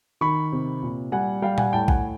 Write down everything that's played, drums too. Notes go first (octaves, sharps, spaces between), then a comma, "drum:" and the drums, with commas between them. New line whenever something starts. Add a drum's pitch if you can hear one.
D#3 B5 C#6
C3
A#2
G3 F#5 G#5
G3 F5 G5
F#5 G#5, drum: tom A#2
A2 G5 A5
F#5 G#5, drum: kick A#1